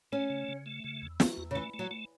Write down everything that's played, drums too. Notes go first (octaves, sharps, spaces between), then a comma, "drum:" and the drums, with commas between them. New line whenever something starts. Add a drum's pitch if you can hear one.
A3 C#4
C#3
C#3
A3
C#3
E2
F#4, drum: snare
E2
C#3
E3 A3
A3
F#3
A3